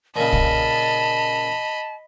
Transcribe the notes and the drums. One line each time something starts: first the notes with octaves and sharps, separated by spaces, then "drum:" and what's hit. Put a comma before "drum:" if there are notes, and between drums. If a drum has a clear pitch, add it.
A#2 C#3 D#5 A5 B5
drum: kick